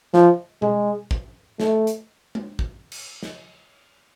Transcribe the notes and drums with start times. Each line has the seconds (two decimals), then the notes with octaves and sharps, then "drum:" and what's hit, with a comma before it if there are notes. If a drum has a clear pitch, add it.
0.14 F3, drum: snare
0.62 G#3, drum: tom B2
1.11 drum: kick
1.60 A3, drum: snare
1.87 drum: hi-hat
2.35 drum: tom G#3
2.59 drum: kick
2.92 drum: cymbal
3.23 drum: snare